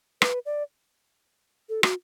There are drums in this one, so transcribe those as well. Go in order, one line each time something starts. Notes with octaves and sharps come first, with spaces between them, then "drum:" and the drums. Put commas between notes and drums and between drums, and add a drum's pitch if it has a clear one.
B4, drum: rim click
D5
A4
F#4, drum: rim click